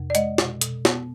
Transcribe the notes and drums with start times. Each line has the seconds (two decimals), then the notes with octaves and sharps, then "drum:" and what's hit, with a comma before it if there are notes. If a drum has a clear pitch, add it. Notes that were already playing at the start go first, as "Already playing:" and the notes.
Already playing: F2 C3
0.10 D5
0.15 G#3 D#5, drum: hi-hat
0.38 B2, drum: snare
0.61 B2, drum: hi-hat
0.85 B3, drum: snare